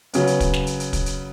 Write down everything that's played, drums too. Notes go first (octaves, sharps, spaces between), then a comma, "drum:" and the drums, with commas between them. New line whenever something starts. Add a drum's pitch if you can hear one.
C#3 F#3 B3, drum: hi-hat
drum: hi-hat
drum: kick, hi-hat
drum: snare
drum: hi-hat
drum: hi-hat
drum: kick, hi-hat
drum: hi-hat